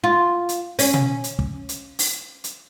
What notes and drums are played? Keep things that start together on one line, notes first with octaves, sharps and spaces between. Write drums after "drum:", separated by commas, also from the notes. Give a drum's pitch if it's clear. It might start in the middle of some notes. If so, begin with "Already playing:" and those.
F4
drum: hi-hat
C#4, drum: open hi-hat
drum: tom B2
drum: hi-hat
drum: kick
drum: hi-hat
drum: open hi-hat
drum: hi-hat